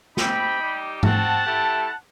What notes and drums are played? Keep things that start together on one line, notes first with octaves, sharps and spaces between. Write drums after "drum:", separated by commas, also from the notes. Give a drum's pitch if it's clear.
C4 D#4 G4 G5 B5, drum: snare
G3 D#4 G4
C4 F#4 F#5 A5, drum: tom G#2
A3 E4 G4